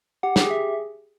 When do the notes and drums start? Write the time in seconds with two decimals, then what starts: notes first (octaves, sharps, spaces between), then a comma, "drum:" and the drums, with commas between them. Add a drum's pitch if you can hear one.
0.23 G4 F#5
0.36 G4, drum: snare
0.44 G#4
0.50 E5